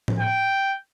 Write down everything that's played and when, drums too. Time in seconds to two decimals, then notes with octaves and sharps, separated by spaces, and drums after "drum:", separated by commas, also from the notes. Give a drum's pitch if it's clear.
0.08 drum: tom A2
0.19 G5